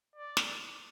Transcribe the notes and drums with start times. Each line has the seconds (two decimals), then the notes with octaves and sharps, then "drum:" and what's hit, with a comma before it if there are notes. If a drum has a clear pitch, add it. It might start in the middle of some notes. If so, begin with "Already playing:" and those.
0.16 D5
0.37 drum: snare